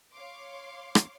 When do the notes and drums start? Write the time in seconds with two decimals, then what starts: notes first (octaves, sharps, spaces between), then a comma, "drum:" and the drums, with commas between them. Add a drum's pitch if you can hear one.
0.14 C#5 F5 C6 D6
0.95 drum: rim click